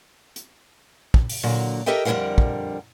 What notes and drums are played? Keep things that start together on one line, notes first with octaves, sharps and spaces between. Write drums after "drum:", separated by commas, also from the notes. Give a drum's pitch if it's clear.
drum: hi-hat
drum: kick
drum: open hi-hat
A#2 D3 F#3 F#4
G4 A4 A#4 D#5 E5 G5
F2 D3 E3 G3 A#4 F#5
drum: kick